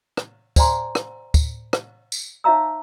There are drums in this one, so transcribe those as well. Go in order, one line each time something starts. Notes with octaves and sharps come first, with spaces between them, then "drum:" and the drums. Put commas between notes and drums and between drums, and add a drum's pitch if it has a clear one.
drum: rim click
C5 D5 F#5 G#5 A#5 C6, drum: kick, tambourine
drum: rim click
drum: kick, tambourine
drum: rim click
drum: tambourine
D#4 C#5 E5 F5 A#5 E6